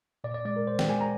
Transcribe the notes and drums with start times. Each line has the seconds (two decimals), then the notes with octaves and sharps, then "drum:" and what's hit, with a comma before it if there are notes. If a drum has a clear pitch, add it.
0.24 A#2 D5
0.34 D5
0.45 G#3 D5
0.56 A#4
0.67 A#2 C5
0.79 G5, drum: snare
0.89 G#3 G#5
1.01 A#5